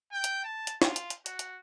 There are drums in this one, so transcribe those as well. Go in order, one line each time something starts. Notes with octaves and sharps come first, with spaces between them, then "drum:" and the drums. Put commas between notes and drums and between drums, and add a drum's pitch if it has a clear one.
G5
drum: hi-hat
A5
drum: hi-hat
F4, drum: snare
drum: hi-hat
drum: hi-hat
F#4, drum: hi-hat
drum: hi-hat